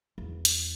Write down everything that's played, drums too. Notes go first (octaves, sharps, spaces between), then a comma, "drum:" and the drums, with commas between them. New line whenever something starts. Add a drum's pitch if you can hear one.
E2
drum: hi-hat